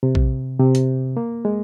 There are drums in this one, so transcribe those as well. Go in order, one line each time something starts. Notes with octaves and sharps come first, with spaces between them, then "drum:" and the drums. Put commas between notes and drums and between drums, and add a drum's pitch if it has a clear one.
C3
drum: kick A#1
C3
drum: hi-hat
A#3
G#3